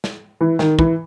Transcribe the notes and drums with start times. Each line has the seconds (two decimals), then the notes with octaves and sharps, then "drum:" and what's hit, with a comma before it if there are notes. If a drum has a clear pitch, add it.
0.04 drum: snare
0.41 E3
0.59 D#3, drum: snare
0.79 E3, drum: kick